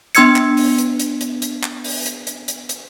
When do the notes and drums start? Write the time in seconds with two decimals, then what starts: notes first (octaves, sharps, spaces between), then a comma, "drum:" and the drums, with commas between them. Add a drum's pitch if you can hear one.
0.15 B3 D4 C6 E6 G#6 C#7, drum: hi-hat
0.36 drum: clap
0.57 drum: open hi-hat
0.78 drum: hi-hat
0.99 drum: hi-hat
1.21 drum: hi-hat
1.42 drum: hi-hat
1.63 drum: clap
1.84 drum: open hi-hat
2.06 drum: hi-hat
2.27 drum: hi-hat
2.48 drum: hi-hat
2.69 drum: hi-hat